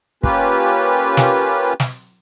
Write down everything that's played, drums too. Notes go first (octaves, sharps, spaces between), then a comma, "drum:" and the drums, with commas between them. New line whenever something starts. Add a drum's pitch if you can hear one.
A#3 C#4 F4 G4 B4, drum: kick
drum: snare
drum: snare